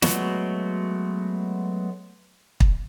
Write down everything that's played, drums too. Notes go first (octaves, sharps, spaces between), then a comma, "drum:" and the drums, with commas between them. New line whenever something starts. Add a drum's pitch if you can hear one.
F#3 G#3 A3 B3 F#4, drum: snare
drum: kick